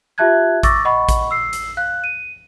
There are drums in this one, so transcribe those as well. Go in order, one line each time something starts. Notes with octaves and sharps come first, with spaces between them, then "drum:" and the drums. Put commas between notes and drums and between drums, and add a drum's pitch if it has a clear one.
F4 G4 E5 A5 F#6 G#6
C#6 D6 E6 A6 A#6, drum: kick, hi-hat
D#5 F#5 B5 C#6
drum: kick, hi-hat
E6 C7
drum: hi-hat
F5 F#6
D#7